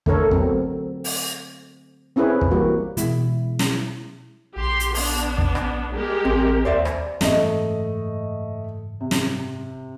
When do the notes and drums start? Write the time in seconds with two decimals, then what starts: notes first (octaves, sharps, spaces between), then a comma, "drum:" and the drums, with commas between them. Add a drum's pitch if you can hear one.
0.06 D3 A3 A4 A#4 C#5, drum: kick
0.31 F#3 B3 C4, drum: kick
1.04 drum: open hi-hat
2.16 C4 C#4 E4 G#4 B4
2.41 drum: kick
2.51 E3 G3 A#3 F#4 G4
2.97 B2 E3 G#3 E4, drum: hi-hat
3.59 drum: snare
4.56 A#1 G4 C6
4.80 drum: hi-hat
4.95 B3 D4, drum: open hi-hat
5.38 drum: kick
5.55 drum: rim click
5.92 G#3 G4 A#4
6.25 A1 C4
6.65 D#2 C5 D5 E5
6.85 drum: rim click
7.21 F#1 G#2 E3 A3 D#5, drum: snare
9.01 C3
9.11 drum: snare